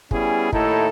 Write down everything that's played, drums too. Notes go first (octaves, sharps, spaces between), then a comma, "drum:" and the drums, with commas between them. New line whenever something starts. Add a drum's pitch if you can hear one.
G3 B3 C#4 E4 G#4, drum: kick
D#2 A2 D#4 E4 A4, drum: kick